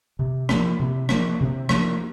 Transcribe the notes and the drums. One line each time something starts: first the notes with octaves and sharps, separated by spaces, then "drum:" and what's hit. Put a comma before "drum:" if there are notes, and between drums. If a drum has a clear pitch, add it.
C3
F3 A#3 D4, drum: rim click
C3
F3 A#3 D4, drum: rim click
C3
F3 A#3 D4, drum: rim click